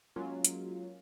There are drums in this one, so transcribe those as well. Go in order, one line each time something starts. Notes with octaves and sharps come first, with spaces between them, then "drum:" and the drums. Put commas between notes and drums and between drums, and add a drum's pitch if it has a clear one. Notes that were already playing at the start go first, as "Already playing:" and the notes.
F#3 G#3 A#3 C#4 F4
drum: hi-hat